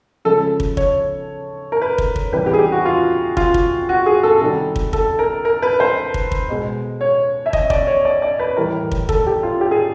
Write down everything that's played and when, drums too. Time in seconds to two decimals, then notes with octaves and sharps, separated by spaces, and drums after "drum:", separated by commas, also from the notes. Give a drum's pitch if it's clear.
0.25 C#3 F3 G#3 A4
0.60 drum: kick
0.77 C#5, drum: kick
1.72 A#4
1.82 B4
1.98 drum: kick
2.16 drum: kick
2.33 C3 E3 G3 B4
2.46 G4
2.53 G#4
2.59 G4
2.72 F#4
2.85 F4
3.37 F4, drum: kick
3.54 drum: kick
3.89 F#4
4.06 G#4
4.23 A4
4.41 C3 D#3 G3 A4
4.76 drum: kick
4.93 A4, drum: kick
5.19 A#4
5.45 A#4
5.62 B4
5.80 C5
6.14 drum: kick
6.32 drum: kick
6.49 B2 G#3
7.01 C#5
7.46 E5
7.53 D#5, drum: kick
7.70 D5, drum: kick
7.87 C#5
8.05 D5
8.22 D5
8.39 B4
8.57 A2 E3 G3 A#4
8.91 drum: kick
9.09 A4, drum: kick
9.27 G4
9.43 F4
9.61 G4
9.71 G#4